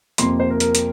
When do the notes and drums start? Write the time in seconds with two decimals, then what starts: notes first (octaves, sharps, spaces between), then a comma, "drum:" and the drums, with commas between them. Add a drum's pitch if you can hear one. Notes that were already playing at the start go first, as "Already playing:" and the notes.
0.18 F2 C3 F3 A#3 C6, drum: hi-hat
0.40 C5
0.50 A#4
0.60 A#4, drum: hi-hat
0.75 drum: hi-hat